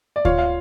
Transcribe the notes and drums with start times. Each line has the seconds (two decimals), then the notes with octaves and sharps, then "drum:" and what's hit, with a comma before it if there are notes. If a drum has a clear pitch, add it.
0.16 D5
0.25 F4 C#5 F5, drum: kick D2
0.38 F5